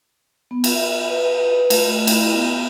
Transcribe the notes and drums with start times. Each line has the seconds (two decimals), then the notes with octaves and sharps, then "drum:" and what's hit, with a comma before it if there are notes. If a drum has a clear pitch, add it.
0.51 B3
0.64 drum: cymbal
0.74 E5
1.09 B4
1.40 B4
1.70 A3, drum: cymbal
2.07 E4, drum: cymbal
2.33 B3